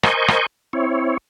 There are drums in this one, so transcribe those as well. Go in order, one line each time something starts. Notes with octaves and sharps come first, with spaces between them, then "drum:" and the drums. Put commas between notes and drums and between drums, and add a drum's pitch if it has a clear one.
A#4 C5 D#5 G#5 C#6 G6, drum: rim click
drum: rim click
C4 E4 C#5